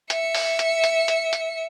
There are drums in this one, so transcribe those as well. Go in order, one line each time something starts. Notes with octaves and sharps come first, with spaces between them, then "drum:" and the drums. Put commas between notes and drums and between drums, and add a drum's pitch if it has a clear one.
E5 C#7, drum: hi-hat
drum: open hi-hat
drum: hi-hat
drum: hi-hat
drum: hi-hat
drum: hi-hat